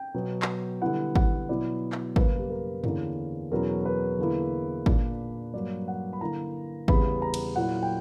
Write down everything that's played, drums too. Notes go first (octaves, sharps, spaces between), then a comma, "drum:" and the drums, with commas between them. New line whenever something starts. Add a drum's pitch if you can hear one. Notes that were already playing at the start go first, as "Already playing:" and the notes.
Already playing: G5
B2 F#3 B3
drum: clap
D3 G3 B3 E4 F#5
F#5, drum: kick G#1
B2 F#3 B3 E4 D5
drum: clap
F#2 C#3 G3 A#3 B4, drum: kick G#1
G4
A#4
E2 D3 A#3 C#4 E4 A#4, drum: tom F#2
E2 B2 F#3 C#4 E4 A#4
B4
E2 D3 A#3 E4
A#2 A#3 D4, drum: kick G#1
G2 F#3 A#3 D5
F#5
B5
D3 A#3 E4 A#5
E2 C#3 G3 B3 B5, drum: kick G#1
A#5
drum: cymbal
A#2 F#3 A#3 E4 F#5
G5